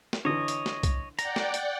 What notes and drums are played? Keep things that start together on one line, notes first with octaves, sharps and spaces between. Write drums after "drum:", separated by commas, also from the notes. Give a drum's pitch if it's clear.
drum: snare
D3 E3 C#5 D#5
drum: hi-hat
drum: snare
drum: kick C2, hi-hat
D5 F#5 G5 A#5, drum: hi-hat
drum: snare
drum: hi-hat